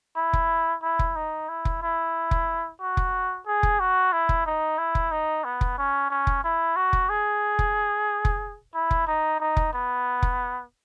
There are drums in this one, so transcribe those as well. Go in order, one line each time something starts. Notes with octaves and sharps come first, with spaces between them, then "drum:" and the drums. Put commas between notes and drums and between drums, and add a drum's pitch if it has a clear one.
E4
drum: kick F1
E4
drum: kick F1
D#4
E4
drum: kick F1
E4
drum: kick F1
F#4
drum: kick F1
G#4
drum: kick F1
F#4
E4
drum: kick F1
D#4
E4
drum: kick F1
D#4
B3
drum: kick F1
C#4
C#4
drum: kick F1
E4
F#4
drum: kick F1
G#4
drum: kick F1
drum: kick F1
E4
drum: kick F1
D#4
D#4
drum: kick F1
B3
drum: kick F1